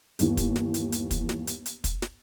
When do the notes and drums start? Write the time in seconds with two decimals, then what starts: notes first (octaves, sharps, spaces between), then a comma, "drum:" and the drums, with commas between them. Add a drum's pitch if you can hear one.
0.19 G1 D#2 E3, drum: hi-hat
0.37 drum: kick, hi-hat
0.56 drum: snare
0.74 drum: hi-hat
0.92 drum: hi-hat
1.11 drum: kick, hi-hat
1.29 drum: snare
1.47 drum: hi-hat
1.66 drum: hi-hat
1.84 drum: kick, hi-hat
2.02 drum: snare